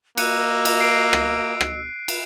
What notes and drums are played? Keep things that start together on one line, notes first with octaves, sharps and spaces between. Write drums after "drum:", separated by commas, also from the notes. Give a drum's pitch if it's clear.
A#3 F#4 D#5 E6 F#6 C#7 D#7, drum: cymbal
drum: cymbal
C7 D7
drum: rim click
drum: rim click
drum: cymbal